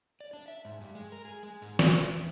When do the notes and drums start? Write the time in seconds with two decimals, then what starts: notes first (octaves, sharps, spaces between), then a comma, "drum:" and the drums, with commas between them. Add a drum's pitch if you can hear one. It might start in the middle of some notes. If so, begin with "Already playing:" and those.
0.20 D5
0.33 D4
0.48 E5
0.65 G#2
0.81 G2
0.95 G#3
1.12 A#4
1.25 G#4
1.43 G#3
1.62 G#2
1.79 A#2, drum: snare
2.09 E2